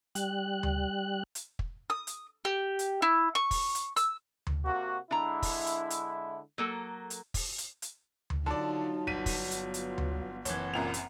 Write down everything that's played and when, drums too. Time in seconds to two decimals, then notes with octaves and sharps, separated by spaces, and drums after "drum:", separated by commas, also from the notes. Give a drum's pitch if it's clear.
0.15 G3 F#6, drum: hi-hat
0.63 drum: tom D2
1.35 drum: hi-hat
1.59 drum: kick
1.90 D#6
2.07 drum: hi-hat
2.45 G4
2.79 drum: hi-hat
3.02 E4
3.35 C#6
3.51 drum: kick, open hi-hat
3.75 drum: hi-hat
3.97 E6, drum: hi-hat
4.47 drum: tom D2
4.65 C3 A#3 F#4
5.11 D3 G#3 D4 E4 A#5
5.42 drum: kick, open hi-hat
5.66 drum: hi-hat
5.90 drum: hi-hat
6.58 F#3 A#3 A4
7.10 drum: hi-hat
7.34 drum: kick, open hi-hat
7.58 drum: hi-hat
7.82 drum: hi-hat
8.30 drum: tom D2
8.46 D3 F#3 D#4 F4 D5 A5
9.07 G1 B6 D#7
9.26 drum: kick, open hi-hat
9.51 B3 F4, drum: hi-hat
9.74 drum: hi-hat
9.98 drum: tom D2
10.45 F#1 E3 C4 C#5 F#5, drum: hi-hat
10.74 C2 F#2 A#2 F7
10.94 drum: hi-hat